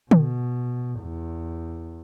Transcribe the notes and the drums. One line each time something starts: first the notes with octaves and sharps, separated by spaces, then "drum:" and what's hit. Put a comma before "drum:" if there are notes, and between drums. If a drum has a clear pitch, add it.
B2, drum: tom D3
E2